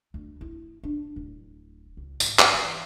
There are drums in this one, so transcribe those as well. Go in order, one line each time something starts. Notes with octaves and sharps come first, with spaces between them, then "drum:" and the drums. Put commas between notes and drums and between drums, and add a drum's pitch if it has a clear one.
D2
E4
D4
D1
C#2
G#1, drum: tambourine
drum: clap
E3